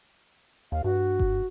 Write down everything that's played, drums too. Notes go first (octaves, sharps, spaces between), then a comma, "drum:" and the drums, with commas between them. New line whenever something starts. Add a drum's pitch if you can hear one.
D#2 F5
G2 F#4
drum: kick F#1